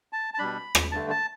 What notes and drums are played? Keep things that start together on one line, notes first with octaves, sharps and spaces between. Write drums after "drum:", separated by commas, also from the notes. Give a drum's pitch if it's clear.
A5
A5
B2 G3 D4 B5
drum: rim click
G2 D3 A3 A5
A5